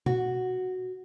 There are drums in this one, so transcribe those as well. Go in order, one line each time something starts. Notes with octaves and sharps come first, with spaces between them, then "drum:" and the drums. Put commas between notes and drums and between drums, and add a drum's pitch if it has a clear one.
F#4, drum: tom A#2